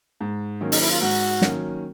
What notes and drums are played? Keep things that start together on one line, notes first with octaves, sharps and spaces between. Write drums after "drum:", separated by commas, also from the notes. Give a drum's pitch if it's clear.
G#2
D#3 F#3 A#3 C#4
D#4, drum: open hi-hat
E4
F4
G#2 F#4
D#3 F#3 A#3 C#4, drum: snare